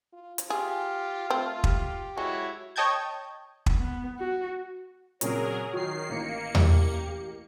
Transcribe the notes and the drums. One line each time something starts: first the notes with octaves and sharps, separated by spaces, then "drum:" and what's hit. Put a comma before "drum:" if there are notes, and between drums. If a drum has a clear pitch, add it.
F4
drum: hi-hat
F4 G4 G#4
A3 C4
G4, drum: kick
G#3 E4 F#4 C#5
C#5 D#5 G5 A5 G6 G#6
drum: kick
B3
F#4
A#2 C#3 F#3 C4 G#4 A#4 C#5, drum: hi-hat
D#3 F#4 C7
A1 A#3 C#7
G4, drum: tom E2